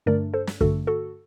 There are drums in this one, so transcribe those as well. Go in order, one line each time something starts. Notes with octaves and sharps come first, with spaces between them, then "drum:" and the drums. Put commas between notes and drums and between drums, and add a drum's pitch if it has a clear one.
G2 D3 A3 D4 A#4 D5
A4 C5
drum: snare
G2 D3 A3 D4 F#4 A4, drum: kick
F#4 A4